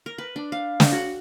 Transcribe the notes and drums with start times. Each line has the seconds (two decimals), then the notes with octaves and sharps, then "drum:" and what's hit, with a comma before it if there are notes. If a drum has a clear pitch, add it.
0.06 A#4
0.18 B4
0.36 D4
0.52 F5
0.80 drum: snare
0.92 F#4